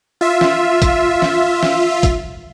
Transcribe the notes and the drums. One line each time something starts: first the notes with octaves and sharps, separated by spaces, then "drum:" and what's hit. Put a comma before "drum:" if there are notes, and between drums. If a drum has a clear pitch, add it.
F4 E5
drum: snare
drum: kick, hi-hat
drum: snare
drum: snare
drum: kick, hi-hat